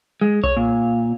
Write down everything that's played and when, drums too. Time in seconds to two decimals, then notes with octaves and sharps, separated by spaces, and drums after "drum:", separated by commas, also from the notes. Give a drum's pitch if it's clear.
0.21 G#3
0.44 C#5, drum: kick B1
0.57 A#2